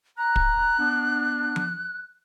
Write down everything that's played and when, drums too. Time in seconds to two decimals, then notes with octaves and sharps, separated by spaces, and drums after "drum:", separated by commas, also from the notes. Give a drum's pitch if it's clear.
0.18 A#5 F#6
0.36 drum: kick
0.79 B3 D4
1.56 drum: tom F3